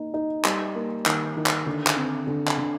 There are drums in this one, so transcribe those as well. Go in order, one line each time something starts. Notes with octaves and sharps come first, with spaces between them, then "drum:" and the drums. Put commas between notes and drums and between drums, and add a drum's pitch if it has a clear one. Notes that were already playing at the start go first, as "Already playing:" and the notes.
Already playing: A#3 D#4
D#4
G3, drum: clap
A#3
D#3, drum: clap
D#3
drum: clap
D3
drum: clap
C4
D3
drum: clap
D3